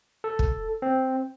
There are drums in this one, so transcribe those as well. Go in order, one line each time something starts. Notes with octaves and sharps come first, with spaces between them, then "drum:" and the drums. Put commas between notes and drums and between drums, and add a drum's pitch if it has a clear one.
A4
drum: kick
C4